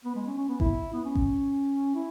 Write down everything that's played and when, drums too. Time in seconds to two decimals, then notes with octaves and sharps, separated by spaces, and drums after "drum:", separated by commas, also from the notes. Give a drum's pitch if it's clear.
0.05 B3
0.15 G#3
0.26 C#4
0.38 C#4
0.48 B3
0.60 E4, drum: kick G#1
0.94 B3
1.05 C#4
1.15 drum: kick G#1
1.95 E4